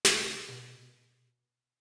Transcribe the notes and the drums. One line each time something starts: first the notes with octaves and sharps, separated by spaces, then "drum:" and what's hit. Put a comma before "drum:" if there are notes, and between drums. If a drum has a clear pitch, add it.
drum: snare
C3
B2